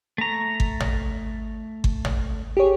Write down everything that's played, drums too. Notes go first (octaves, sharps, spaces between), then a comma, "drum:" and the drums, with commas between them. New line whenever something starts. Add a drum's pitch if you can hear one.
A3 A#5
drum: kick G1
drum: tom
drum: kick G1
drum: tom
G4 G#4 C#5